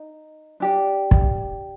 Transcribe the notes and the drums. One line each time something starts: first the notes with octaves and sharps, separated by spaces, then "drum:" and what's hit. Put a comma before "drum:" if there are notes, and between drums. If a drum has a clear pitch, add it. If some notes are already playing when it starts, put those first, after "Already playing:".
Already playing: D#4
D4 G4 D5
drum: kick